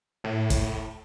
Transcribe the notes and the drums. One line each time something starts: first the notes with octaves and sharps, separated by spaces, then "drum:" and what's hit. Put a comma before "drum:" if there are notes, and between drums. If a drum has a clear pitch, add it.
A2
drum: kick, hi-hat